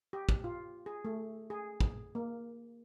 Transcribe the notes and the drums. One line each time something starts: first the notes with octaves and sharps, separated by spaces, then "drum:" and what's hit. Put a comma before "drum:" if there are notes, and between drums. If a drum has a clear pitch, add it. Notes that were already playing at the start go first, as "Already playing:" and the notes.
G4
drum: kick
F4
G#4
A3
G#4
drum: kick
A#3